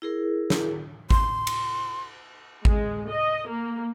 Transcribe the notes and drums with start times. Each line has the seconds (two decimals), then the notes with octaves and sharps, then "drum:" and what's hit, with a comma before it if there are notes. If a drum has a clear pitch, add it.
0.02 E4 G#4 A#4
0.50 drum: snare
1.11 C6, drum: kick G#1
1.47 drum: cymbal
2.65 G#3, drum: kick G#1
3.09 D#5
3.49 A#3